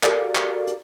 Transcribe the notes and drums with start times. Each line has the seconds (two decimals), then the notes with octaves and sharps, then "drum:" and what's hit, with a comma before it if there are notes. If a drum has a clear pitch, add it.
0.03 F#4 G4 A4 A#4 D5 F5, drum: clap
0.35 drum: clap
0.67 drum: hi-hat